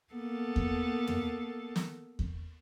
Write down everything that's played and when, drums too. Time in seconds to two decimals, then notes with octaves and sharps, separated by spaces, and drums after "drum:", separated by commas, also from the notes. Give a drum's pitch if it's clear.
0.14 A#3 B3 A4
0.56 drum: kick E2
1.07 drum: tom
1.76 drum: snare
2.19 drum: kick E2